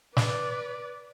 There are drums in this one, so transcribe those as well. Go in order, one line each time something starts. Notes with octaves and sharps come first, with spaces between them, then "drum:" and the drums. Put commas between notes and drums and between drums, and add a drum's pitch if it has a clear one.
B4 D5, drum: snare